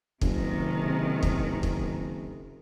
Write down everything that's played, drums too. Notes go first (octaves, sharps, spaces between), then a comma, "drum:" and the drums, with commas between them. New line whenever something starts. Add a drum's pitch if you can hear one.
F#1 C3 D#3, drum: kick
drum: kick
drum: kick